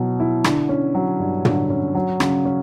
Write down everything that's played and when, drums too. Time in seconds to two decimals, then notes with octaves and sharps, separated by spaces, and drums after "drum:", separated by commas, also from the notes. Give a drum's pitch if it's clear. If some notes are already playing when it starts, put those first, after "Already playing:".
Already playing: B2 F#3 E4
0.20 E4
0.44 D3, drum: rim click
0.69 C#4
0.95 F#3
1.20 G2
1.45 D3, drum: tom
1.70 C#4
1.95 F#3
2.20 C#3, drum: rim click
2.45 C#4